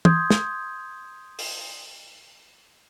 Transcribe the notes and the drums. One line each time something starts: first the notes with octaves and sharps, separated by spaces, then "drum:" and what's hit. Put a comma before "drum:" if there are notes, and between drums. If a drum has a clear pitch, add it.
C6 D#6 G6 G#6, drum: tom
drum: snare
drum: open hi-hat